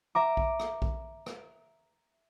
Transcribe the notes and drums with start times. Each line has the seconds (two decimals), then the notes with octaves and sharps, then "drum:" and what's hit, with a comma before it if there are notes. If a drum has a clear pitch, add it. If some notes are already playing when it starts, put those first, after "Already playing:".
0.15 E5 A#5 D6
0.37 drum: kick A#1
0.60 drum: rim click
0.82 drum: kick A#1
1.26 drum: rim click